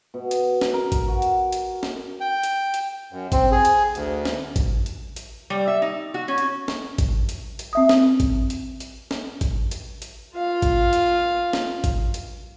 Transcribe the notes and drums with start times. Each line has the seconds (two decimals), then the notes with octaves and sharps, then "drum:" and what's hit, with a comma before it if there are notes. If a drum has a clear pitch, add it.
0.14 B2
0.31 drum: hi-hat
0.61 drum: snare
0.74 A#4
0.92 drum: kick G#1, hi-hat
1.08 F#4
1.22 drum: hi-hat
1.52 drum: hi-hat
1.83 drum: snare
2.21 G5
2.43 drum: hi-hat
2.74 drum: hi-hat
3.13 F#2
3.32 C4, drum: kick G#1, hi-hat
3.52 G#4
3.65 drum: hi-hat
3.95 D2, drum: hi-hat
4.25 drum: snare
4.56 drum: kick G#1, hi-hat
4.86 drum: hi-hat
5.16 drum: hi-hat
5.50 G3
5.68 E5
5.82 D#4
6.14 F#4
6.28 C#4
6.38 drum: hi-hat
6.68 drum: snare
6.98 drum: kick G#1, hi-hat
7.29 drum: hi-hat
7.59 drum: hi-hat
7.73 C4 E5 D#6
7.89 drum: snare
8.20 drum: kick G#1, hi-hat
8.50 drum: hi-hat
8.80 drum: hi-hat
9.11 drum: snare
9.41 drum: kick G#1, hi-hat
9.71 drum: hi-hat
10.02 drum: hi-hat
10.36 F4 F5
10.62 drum: kick G#1, hi-hat
10.93 drum: hi-hat
11.53 drum: snare
11.84 drum: kick G#1, hi-hat
12.14 drum: hi-hat